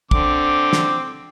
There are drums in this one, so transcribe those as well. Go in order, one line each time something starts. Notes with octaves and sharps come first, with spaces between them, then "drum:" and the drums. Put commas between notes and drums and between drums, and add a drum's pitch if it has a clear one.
D3 C4 D6, drum: kick
drum: snare